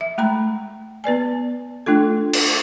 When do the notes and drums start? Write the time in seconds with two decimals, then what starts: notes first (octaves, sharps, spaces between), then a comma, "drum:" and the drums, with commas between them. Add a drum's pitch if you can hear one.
0.01 E5
0.18 G#3 A3 A#5 B5
1.04 B3 B4 D5 G#5
1.86 A3 D4 F4 A4
2.33 drum: cymbal